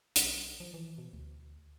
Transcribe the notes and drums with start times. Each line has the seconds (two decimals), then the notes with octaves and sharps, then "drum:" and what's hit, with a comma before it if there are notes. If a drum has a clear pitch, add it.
0.16 B1, drum: hi-hat
0.60 F3
0.74 E3
0.98 B2
1.13 D2